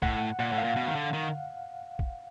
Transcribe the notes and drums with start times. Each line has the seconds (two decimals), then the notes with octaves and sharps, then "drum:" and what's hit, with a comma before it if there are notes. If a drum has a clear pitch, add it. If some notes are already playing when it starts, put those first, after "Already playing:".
0.02 A2 F#5, drum: kick
0.39 A#2 F#5
0.52 A2
0.58 F5
0.64 A#2
0.76 B2
0.87 D#3
0.95 D3
1.14 D#3
1.99 drum: kick